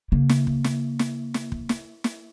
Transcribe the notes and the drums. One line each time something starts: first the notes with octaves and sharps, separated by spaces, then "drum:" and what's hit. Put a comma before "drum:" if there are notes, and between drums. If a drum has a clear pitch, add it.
C#3 A#3
drum: snare
drum: kick
drum: snare
drum: snare
drum: snare
drum: kick
drum: snare
drum: snare